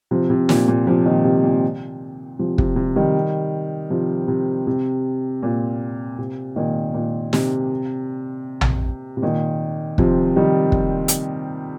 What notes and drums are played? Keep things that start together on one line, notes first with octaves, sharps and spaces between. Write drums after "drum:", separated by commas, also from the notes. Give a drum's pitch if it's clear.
C3 F3
C3
A#2, drum: snare
A#2
C3 F3
A#2 D#3
C3
A#2
C3 F3
C3, drum: kick
C3
D#3 G3
C3 F3
C3
C3
A#2
C3
A#2 D#3
A#2
C3, drum: snare
drum: tom
C3
A#2 D#3
C3 F3, drum: kick
D#3 G3
drum: kick
drum: hi-hat